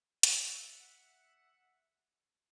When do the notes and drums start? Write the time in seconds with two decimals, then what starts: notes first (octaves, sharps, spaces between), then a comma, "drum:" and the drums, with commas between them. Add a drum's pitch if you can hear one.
0.23 E5 F#5, drum: hi-hat